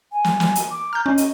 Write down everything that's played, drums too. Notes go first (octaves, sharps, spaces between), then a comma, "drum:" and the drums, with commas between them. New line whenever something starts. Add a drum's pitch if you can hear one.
G#5
drum: snare
drum: snare
drum: hi-hat
D6
A#5 F6 G6
C#4 D#5
drum: hi-hat